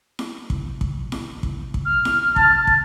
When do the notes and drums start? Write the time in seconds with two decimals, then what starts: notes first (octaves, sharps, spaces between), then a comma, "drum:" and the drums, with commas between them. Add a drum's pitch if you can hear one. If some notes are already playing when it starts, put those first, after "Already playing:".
0.19 drum: snare E4
0.50 drum: kick
0.81 drum: kick
1.12 drum: snare E4
1.43 drum: kick
1.74 drum: kick
1.85 F6
2.05 drum: snare E4
2.36 A5, drum: kick
2.67 drum: kick